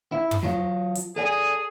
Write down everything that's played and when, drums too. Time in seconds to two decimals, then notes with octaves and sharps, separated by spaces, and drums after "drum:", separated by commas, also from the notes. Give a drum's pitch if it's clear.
0.12 E4
0.31 drum: tom
0.43 F#3 F4 C#5
0.95 drum: hi-hat
1.16 G#4 A4 D5 G#5